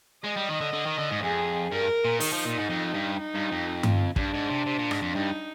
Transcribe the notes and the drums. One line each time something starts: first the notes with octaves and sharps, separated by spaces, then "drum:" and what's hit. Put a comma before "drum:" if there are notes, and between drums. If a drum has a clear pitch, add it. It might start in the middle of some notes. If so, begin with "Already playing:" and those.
G#3 D#5
G3
D#3
D3
D3
D#3
D3
G#2
F2 G#4
G2 A#4
A#2
D#3 D#4, drum: open hi-hat
F3
A#2
G#2
F2
G2
D#4
G2
F2
drum: tom G2
G2 D4, drum: kick
G#2
C3
C3
A#2
G#2, drum: rim click
F2
G2 D#4